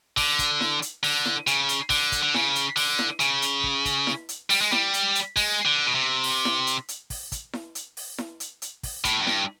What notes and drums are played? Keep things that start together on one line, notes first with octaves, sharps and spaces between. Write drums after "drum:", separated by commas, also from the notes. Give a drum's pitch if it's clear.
D3, drum: kick, open hi-hat
drum: kick, hi-hat
drum: snare E4
drum: hi-hat
D3, drum: open hi-hat
drum: snare E4
C#3, drum: hi-hat
drum: hi-hat
D3, drum: kick, open hi-hat
drum: kick, hi-hat
D3
C#3, drum: snare E4
drum: hi-hat
D3, drum: open hi-hat
drum: snare E4
C#3, drum: hi-hat
drum: hi-hat
drum: kick
drum: kick, hi-hat
drum: snare E4
drum: hi-hat
G3, drum: open hi-hat
G#3
G3, drum: snare E4
drum: hi-hat
drum: hi-hat
G#3, drum: kick, open hi-hat
D3
B2
C3
drum: open hi-hat
drum: snare E4
drum: hi-hat
drum: hi-hat
drum: kick, open hi-hat
drum: kick, hi-hat
drum: snare E4
drum: hi-hat
drum: open hi-hat
drum: snare E4
drum: hi-hat
drum: hi-hat
drum: kick, open hi-hat
A2, drum: kick, hi-hat
F#2
G2, drum: snare E4